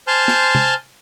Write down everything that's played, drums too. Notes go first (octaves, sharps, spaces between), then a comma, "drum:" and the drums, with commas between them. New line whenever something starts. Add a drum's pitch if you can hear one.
C5 G#5 A5 C6 F6 G6
drum: snare
drum: tom